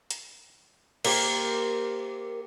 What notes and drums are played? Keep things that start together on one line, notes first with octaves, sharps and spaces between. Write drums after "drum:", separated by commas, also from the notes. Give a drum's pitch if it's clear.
drum: hi-hat
A#3 G4 C5, drum: cymbal